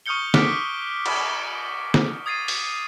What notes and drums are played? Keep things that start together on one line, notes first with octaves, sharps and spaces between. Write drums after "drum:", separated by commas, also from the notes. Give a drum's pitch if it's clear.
C#6 D#6 F6 G6 C#7 G7
D6 F6 F#6 B6 D7, drum: snare
drum: cymbal
drum: snare
D#6 G#6 A6 C7 D#7
drum: open hi-hat